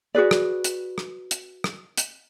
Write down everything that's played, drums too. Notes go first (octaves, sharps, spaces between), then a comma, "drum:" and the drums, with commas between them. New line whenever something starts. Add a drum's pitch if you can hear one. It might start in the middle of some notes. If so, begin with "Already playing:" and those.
F#4 G#4 B4 D5
drum: rim click
drum: hi-hat
drum: rim click
drum: hi-hat
drum: rim click
drum: hi-hat